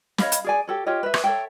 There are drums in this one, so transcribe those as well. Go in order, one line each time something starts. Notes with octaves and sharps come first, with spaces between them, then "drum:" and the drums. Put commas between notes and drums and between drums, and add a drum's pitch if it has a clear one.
C#5 D#5 F5 B5, drum: snare
drum: hi-hat
G#4 D5 G#5
G4 A4 C#5
F4 G4 C#5 D#5
B4 E5
drum: rim click
A4 C#5 E5 G5